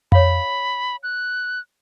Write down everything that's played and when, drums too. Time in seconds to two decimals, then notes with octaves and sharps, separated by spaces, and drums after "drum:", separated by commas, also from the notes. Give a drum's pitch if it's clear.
0.12 C#5 F5 B5, drum: tom F2
1.03 F#6